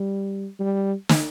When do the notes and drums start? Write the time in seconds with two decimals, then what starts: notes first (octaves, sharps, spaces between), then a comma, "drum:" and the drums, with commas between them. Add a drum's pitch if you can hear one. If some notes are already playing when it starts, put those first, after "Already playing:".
Already playing: G3
0.60 G3
1.09 drum: snare